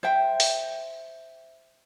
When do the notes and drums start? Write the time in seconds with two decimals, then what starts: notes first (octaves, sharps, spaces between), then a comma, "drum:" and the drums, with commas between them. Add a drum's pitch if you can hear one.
0.03 C5 E5 G5
0.40 drum: open hi-hat